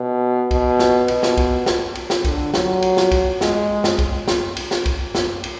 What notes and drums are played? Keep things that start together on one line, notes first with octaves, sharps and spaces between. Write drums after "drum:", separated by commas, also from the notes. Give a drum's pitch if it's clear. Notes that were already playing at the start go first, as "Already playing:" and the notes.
Already playing: B2
B2, drum: kick, cymbal
drum: snare
B2, drum: cymbal
drum: snare
drum: kick, cymbal
drum: snare
drum: cymbal
drum: snare
D3, drum: kick, cymbal
F#3, drum: snare
drum: cymbal
drum: snare
drum: kick, cymbal
G#3, drum: snare
drum: snare
drum: kick, cymbal
drum: snare
drum: cymbal
drum: snare
drum: kick, cymbal
drum: snare
drum: cymbal